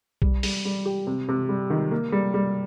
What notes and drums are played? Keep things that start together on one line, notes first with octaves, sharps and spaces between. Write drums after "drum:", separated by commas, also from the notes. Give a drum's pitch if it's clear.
G3, drum: kick B1
G3, drum: open hi-hat
G3
G4
C3
C3
G3
D#3
A#3
G3
G3